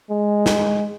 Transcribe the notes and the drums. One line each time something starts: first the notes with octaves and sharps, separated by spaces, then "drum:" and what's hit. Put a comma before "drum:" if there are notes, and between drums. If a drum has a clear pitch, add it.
G#3
drum: snare